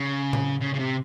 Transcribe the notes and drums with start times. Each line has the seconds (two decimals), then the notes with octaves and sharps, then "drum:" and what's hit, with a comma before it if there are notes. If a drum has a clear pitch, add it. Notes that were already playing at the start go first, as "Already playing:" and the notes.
Already playing: C#3
0.33 drum: tom A2
0.61 C#3
0.74 C#3
0.79 C3